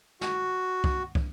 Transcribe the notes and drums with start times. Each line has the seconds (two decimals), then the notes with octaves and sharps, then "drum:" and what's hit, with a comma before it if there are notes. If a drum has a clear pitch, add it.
0.21 F#4, drum: snare
0.84 drum: kick
1.15 drum: kick